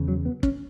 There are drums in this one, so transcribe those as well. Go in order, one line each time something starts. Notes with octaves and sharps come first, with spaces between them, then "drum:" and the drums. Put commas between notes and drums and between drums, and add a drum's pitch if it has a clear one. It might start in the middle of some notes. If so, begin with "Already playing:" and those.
Already playing: E2 C#3
F#3
B3
C#4, drum: kick